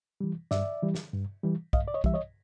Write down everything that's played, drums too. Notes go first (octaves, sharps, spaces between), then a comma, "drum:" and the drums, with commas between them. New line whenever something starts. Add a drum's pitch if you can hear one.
E3 G3
G2 D5 E5, drum: snare
E3 G3
drum: snare
G2
E3 G3
G2 D#5 F5, drum: kick
D5
C#5 D#5
E3 G3 E5, drum: kick
C#5 D#5